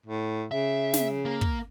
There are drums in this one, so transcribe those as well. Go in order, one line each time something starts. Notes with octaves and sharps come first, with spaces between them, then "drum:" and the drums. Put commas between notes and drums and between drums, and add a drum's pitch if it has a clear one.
A2
C#3 E5
drum: snare
A#3
drum: kick